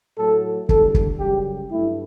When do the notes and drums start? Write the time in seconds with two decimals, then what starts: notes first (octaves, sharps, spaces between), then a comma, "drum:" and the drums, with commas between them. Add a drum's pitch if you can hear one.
0.18 A2 F#3 A3 A4
0.69 E2 D3 G3 A4, drum: kick
0.94 drum: kick
1.20 F#2 C#3 G3 G4
1.70 G2 F#3 A3 E4